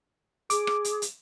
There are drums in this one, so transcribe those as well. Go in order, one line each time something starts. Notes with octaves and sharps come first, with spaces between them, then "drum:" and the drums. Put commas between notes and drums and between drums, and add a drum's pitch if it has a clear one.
G#4 D6, drum: hi-hat
drum: rim click
drum: hi-hat
drum: hi-hat